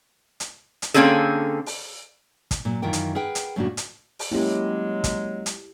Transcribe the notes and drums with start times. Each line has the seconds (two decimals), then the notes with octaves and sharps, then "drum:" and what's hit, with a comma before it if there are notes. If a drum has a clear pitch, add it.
0.40 drum: hi-hat
0.82 drum: hi-hat
0.94 D3 A#3 C4 C#4 G#4 A4
1.66 drum: open hi-hat
2.51 drum: kick, hi-hat
2.65 A#2 F#3
2.82 F#2 D#3 E3 F4 A#4 G5
2.93 drum: hi-hat
3.15 G#4 A#4 B4 F#5 G5
3.35 drum: hi-hat
3.56 F#2 A2 C#3 A#3 D4 F#4
3.77 drum: hi-hat
4.19 drum: open hi-hat
4.32 F#3 G#3 A#3 C#4 E4 G4
5.04 drum: kick, hi-hat
5.46 drum: hi-hat